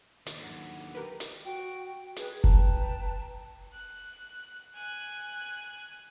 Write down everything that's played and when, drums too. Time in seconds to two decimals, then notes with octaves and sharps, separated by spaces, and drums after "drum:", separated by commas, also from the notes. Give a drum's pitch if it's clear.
0.26 D#2 D3, drum: hi-hat
0.42 E3 F#3
0.95 G4 A#4 B4
1.20 drum: hi-hat
1.44 F#4 G5
2.16 G#4 B4, drum: hi-hat
2.44 B4 G5 A5 A#5, drum: kick F1
3.73 F#6
4.75 G#5 F#6